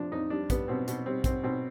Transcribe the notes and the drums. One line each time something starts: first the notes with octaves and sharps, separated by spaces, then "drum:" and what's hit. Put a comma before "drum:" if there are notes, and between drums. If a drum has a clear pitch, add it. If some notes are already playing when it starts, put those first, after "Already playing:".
Already playing: F2 C3 F3 D4
F2 D#4
G3 D4
G3 B3, drum: kick A#1, hi-hat
B2 C4
B2, drum: hi-hat
G3 C4
G3 C4, drum: kick A#1, hi-hat
B2 C4